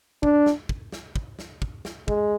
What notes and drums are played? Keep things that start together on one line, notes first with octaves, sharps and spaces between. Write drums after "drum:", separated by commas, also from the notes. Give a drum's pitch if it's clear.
D4, drum: kick
drum: snare
drum: kick
drum: snare
drum: kick
drum: snare
drum: kick
drum: snare
G#3, drum: kick